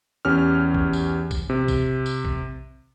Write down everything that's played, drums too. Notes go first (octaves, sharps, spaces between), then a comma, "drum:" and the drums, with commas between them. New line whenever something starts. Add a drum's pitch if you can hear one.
E2 C#4 G4 F6
drum: kick A#1
drum: tambourine
drum: kick A#1, tambourine
C3
drum: kick A#1, tambourine
drum: tambourine
drum: kick A#1